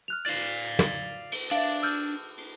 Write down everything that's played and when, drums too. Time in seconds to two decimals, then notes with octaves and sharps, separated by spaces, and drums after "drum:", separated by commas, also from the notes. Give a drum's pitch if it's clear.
0.08 F6 F#6 F7
0.26 D5 F5, drum: cymbal
0.79 drum: snare
1.32 drum: cymbal
1.51 D4 E5 F5
1.83 E6 F6 G6, drum: cymbal
2.38 drum: cymbal